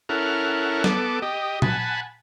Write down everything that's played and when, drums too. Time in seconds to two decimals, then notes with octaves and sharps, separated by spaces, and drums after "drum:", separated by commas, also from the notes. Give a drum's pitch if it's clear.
0.09 C#4 E4 A4 A#4 F#5 F6
0.84 B3 A4 D6, drum: snare
1.22 G4 D#5
1.62 F#5 G#5 A5 B5, drum: tom A#2